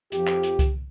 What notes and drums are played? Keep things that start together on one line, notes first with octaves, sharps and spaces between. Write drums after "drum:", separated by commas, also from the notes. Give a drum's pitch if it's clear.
F2 F3 G4, drum: hi-hat
drum: clap
drum: hi-hat
drum: kick C2, hi-hat